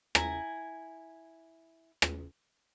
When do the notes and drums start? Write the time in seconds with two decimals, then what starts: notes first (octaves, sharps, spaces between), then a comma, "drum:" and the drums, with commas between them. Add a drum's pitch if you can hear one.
0.15 E4 G#5 A#5, drum: rim click
2.02 drum: rim click